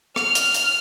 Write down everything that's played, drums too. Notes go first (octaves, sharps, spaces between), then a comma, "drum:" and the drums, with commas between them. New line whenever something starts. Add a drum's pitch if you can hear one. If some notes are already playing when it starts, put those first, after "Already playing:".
F6, drum: rim click
drum: hi-hat
drum: hi-hat